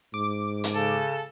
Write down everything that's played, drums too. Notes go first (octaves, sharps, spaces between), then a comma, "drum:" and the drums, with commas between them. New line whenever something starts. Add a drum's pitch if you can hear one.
G#2 D6
drum: hi-hat
C#3 A4